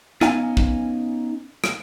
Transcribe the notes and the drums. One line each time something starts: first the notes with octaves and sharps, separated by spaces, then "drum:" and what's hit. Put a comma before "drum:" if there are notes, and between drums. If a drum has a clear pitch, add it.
B3 C#4 D#4 F5 G#5, drum: rim click
drum: kick
drum: rim click